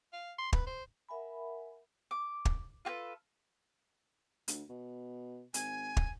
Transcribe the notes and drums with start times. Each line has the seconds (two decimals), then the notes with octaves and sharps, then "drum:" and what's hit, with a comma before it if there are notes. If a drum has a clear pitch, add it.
0.13 F5
0.38 C6
0.53 B4, drum: kick
0.67 C5
1.09 A#4 E5 F#5 G#5 B5
2.11 D6
2.45 drum: kick
2.85 F4 F#4 A4 B4
4.48 D2, drum: hi-hat
4.69 B2
5.54 G#1 G#5, drum: hi-hat
5.97 drum: kick